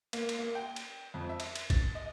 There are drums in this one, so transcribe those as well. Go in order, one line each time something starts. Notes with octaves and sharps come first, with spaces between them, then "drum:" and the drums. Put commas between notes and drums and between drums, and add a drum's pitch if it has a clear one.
A#3, drum: cymbal
drum: cymbal
A#3
G5
drum: cymbal
F2
E5
drum: cymbal
drum: cymbal
A6, drum: kick, cymbal
D#5